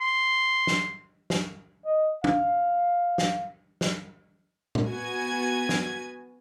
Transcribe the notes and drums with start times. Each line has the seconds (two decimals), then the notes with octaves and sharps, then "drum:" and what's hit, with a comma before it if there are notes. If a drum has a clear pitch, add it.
0.01 C6
0.67 drum: snare
1.30 drum: snare
1.85 D#5
2.24 F5, drum: tom
3.18 drum: snare
3.81 drum: snare
4.75 drum: tom
4.85 B3 F#4 G#5 G#6
5.69 drum: snare